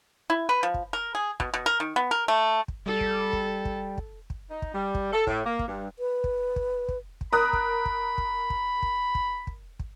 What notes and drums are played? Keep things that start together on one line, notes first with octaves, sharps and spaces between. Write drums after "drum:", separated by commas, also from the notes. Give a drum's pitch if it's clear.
E4
B4
F3
drum: kick
A#4
G#4
B2, drum: kick
B2
A#4
D#3
B3
A#4
A3
drum: kick
G3 A4
drum: kick
drum: kick
drum: kick
drum: kick
drum: kick
D#4
drum: kick
G3
drum: kick
A4
A2, drum: kick
A#3
drum: kick
G2
B4
drum: kick
drum: kick
drum: kick
drum: kick
A#4 B5 D#6 F#6
drum: kick
drum: kick
drum: kick
drum: kick
drum: kick
drum: kick
drum: kick
drum: kick